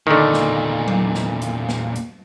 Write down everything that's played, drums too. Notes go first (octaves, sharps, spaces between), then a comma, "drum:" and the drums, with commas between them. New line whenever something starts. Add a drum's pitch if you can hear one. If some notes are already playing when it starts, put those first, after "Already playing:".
E2 A#2 D3 D#3
drum: snare
drum: tom F#3
drum: snare
drum: hi-hat
drum: snare
drum: hi-hat